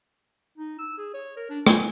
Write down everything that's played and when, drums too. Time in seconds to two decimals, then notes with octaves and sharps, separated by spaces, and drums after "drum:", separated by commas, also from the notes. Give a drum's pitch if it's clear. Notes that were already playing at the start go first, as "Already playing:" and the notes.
0.58 D#4
0.79 E6
0.98 G#4
1.14 C#5
1.37 A#4
1.50 D4
1.67 G#5, drum: rim click